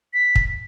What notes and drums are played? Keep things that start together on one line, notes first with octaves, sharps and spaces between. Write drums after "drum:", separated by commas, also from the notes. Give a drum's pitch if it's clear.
B6
drum: kick